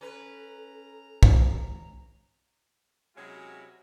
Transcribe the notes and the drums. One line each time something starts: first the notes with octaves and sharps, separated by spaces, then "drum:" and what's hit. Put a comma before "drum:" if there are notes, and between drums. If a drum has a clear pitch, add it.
C#4 A4 B4 A#5
drum: kick
C3 F#3 G#3 C#4 E4 F#4